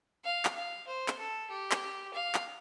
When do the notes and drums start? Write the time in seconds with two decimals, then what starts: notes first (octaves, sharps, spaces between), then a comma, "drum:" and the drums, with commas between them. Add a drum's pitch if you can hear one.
0.24 F5
0.45 drum: clap
0.55 F5
0.87 C5
1.08 drum: clap
1.18 A4
1.50 G4
1.71 drum: clap
2.13 F5
2.35 drum: clap